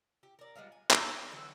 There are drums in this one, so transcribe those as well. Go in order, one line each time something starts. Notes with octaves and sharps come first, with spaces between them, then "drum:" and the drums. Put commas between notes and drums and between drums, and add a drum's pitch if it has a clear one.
G4
A#4 D5
G3 G#3 B3 F4
G#5
A#3 E4 D5 E5, drum: clap
D3 E3 F#3 A4